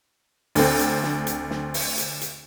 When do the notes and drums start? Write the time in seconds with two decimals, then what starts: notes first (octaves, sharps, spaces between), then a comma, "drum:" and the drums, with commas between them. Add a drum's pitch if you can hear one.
0.55 D2 C4, drum: open hi-hat
0.79 drum: hi-hat
1.03 drum: snare
1.27 drum: hi-hat
1.50 drum: snare
1.74 drum: open hi-hat
1.98 drum: hi-hat
2.22 drum: hi-hat